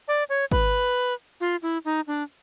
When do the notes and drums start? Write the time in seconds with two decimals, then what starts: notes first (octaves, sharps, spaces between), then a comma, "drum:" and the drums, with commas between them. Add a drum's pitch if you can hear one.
0.08 D5
0.29 C#5
0.52 B4, drum: kick
1.41 F4
1.62 E4
1.85 D#4
2.07 D4